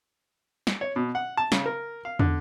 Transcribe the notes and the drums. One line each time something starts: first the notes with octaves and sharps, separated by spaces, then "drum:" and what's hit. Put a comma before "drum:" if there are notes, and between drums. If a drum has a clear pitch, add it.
drum: snare
C#5
B2
F#5
A5
C#3, drum: snare
A#4
F5
D3, drum: tom